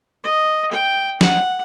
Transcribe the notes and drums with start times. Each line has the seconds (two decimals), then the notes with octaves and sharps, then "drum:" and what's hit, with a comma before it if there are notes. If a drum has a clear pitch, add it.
0.23 D#5
0.72 G5
1.21 F#5, drum: snare